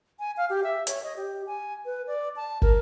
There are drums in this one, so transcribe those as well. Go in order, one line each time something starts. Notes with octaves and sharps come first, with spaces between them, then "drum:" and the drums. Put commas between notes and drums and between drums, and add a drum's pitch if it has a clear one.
G#5
F5
G4
E5
C#5, drum: hi-hat
D#5
G4
G#5
B4
D5
A5
A#4, drum: kick